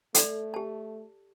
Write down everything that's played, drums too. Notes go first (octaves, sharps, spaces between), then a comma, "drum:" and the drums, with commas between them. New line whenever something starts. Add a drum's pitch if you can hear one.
A3 A4 D5, drum: hi-hat
G4 A5